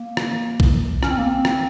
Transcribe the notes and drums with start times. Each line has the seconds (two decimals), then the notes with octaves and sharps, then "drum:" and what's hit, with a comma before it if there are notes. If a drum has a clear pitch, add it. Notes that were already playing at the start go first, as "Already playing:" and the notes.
Already playing: A#3
0.17 drum: rim click
0.60 drum: kick
1.03 C#4, drum: rim click
1.09 C4
1.17 A#3
1.25 C4
1.45 drum: rim click